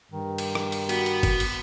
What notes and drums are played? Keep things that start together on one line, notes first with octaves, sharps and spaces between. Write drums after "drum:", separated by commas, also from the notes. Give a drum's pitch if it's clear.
G2 D#3
drum: cymbal
drum: rim click
drum: cymbal
B3 F#4, drum: cymbal
drum: cymbal
drum: kick, cymbal
drum: cymbal